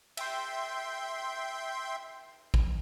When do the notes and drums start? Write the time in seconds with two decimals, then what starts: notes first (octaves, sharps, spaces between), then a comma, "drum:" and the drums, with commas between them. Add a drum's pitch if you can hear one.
0.17 E5 G5 C6, drum: cymbal
2.54 drum: kick